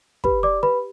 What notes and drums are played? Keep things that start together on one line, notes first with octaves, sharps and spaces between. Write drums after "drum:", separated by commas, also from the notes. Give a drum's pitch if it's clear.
G4 B4 B5, drum: kick
D5 D6
B4 B5